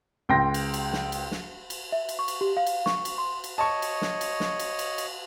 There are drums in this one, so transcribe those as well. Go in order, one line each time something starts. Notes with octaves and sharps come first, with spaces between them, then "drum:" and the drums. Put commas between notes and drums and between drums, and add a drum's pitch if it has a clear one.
C#2 G5 C6 A#6
drum: cymbal
drum: cymbal
drum: snare
drum: cymbal
drum: snare
drum: cymbal
E5
drum: cymbal
C#6
drum: cymbal
G4
F5
drum: cymbal
C#6, drum: snare
drum: cymbal
C6
drum: cymbal
C#5 D#5 A5 C#6
drum: cymbal
drum: snare
drum: cymbal
drum: snare
drum: cymbal
drum: cymbal
drum: cymbal